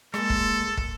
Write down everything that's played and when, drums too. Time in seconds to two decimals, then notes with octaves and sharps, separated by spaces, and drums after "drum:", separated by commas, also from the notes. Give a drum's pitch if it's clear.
0.14 G#3 A#3 A4, drum: rim click
0.30 drum: kick
0.77 drum: kick